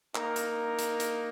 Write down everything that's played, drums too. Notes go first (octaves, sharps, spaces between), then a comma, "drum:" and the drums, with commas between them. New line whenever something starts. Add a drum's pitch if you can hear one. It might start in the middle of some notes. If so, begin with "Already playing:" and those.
A#3 D#4 A#4, drum: clap
drum: hi-hat
drum: hi-hat
drum: hi-hat